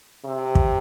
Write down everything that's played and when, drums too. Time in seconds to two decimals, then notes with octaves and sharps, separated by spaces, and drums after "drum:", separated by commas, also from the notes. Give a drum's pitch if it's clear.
0.25 C3
0.55 drum: kick